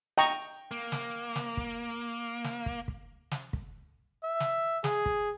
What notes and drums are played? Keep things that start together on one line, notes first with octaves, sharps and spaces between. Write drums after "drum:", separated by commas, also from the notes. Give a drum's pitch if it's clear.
D#5 G5 A#5 C#6
A#3
drum: snare
drum: snare
drum: kick
drum: snare
drum: kick
drum: kick
drum: snare
drum: kick
E5
drum: snare
G#4, drum: snare
drum: kick